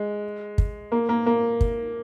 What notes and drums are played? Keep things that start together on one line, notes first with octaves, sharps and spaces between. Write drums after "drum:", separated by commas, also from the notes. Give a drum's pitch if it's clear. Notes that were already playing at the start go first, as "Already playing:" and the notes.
Already playing: G#3
drum: kick
A#3
A#3
A#3
drum: kick